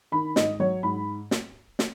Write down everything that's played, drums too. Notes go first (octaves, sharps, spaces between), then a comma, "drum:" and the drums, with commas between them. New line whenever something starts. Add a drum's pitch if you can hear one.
D#3 B5
G#2 D#5, drum: snare
F#3 C#5
G#2 B5
drum: snare
drum: snare